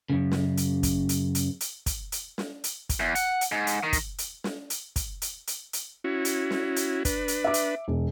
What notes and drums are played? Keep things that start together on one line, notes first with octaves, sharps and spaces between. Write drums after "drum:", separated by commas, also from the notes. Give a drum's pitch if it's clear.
F#2 C#3
drum: snare
drum: hi-hat
drum: kick, hi-hat
drum: hi-hat
drum: hi-hat
drum: hi-hat
drum: kick, hi-hat
drum: hi-hat
drum: snare
drum: hi-hat
drum: kick, hi-hat
E2
F#5, drum: hi-hat
drum: hi-hat
G#2
drum: hi-hat
D#3
drum: kick, hi-hat
drum: hi-hat
drum: snare
drum: hi-hat
drum: kick, hi-hat
drum: hi-hat
drum: hi-hat
drum: hi-hat
C#4 E4 F#4
drum: hi-hat
drum: snare
drum: hi-hat
D4 B4, drum: kick, hi-hat
drum: hi-hat
E5 D6
drum: hi-hat
E1